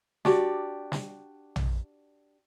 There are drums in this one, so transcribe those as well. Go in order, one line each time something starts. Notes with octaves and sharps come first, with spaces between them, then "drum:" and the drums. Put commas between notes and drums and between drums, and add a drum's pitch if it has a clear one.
D4 F#4 G4 D5, drum: snare
drum: snare
drum: tom